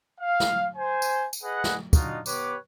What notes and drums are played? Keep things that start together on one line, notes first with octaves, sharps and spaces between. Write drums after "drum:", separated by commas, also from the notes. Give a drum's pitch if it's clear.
F5
drum: snare
C5 G#5
drum: tambourine
drum: tambourine
G#4 B4 D#5 F#5
drum: snare
D4 D#4 F4 F#4 D#5, drum: kick, tambourine
B3 G4 B4 C#5 D6, drum: tambourine